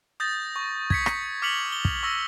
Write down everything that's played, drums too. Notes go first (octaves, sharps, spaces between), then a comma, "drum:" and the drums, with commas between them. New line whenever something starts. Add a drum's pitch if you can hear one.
D#6 G6 A6 A#6
C#6
G#6 B6 C#7, drum: kick
drum: rim click
D6 F6 B6 C#7 F7 F#7
G7
drum: kick
C#6 E6 A#6